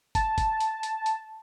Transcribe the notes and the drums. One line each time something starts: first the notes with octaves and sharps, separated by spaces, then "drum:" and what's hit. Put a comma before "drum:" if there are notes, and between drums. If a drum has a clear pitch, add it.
A5, drum: kick, hi-hat
drum: kick, hi-hat
drum: hi-hat
drum: hi-hat
drum: hi-hat